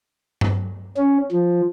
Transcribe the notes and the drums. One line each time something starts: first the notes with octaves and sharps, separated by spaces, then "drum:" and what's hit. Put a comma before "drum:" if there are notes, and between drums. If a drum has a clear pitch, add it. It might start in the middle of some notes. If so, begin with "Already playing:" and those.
drum: tom G2
C#4
F3